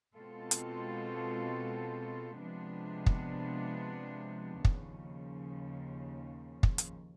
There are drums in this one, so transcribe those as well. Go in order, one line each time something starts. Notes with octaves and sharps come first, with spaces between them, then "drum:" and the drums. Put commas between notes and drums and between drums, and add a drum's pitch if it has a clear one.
B2 G#3 C4 F4 A4
drum: hi-hat
C3 F3 G#3 B3 D4
drum: kick
D#2 C#3 F3, drum: kick
drum: kick
drum: hi-hat